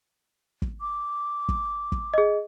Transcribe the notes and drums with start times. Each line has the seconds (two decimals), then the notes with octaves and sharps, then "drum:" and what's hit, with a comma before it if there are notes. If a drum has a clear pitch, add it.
0.62 drum: kick
0.81 D6
1.49 drum: kick
1.92 drum: kick
2.14 G#4 D#5